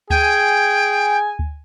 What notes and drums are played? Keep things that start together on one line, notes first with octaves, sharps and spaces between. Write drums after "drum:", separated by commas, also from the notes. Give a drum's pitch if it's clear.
G#4 G5 G#5, drum: kick D2
drum: kick D2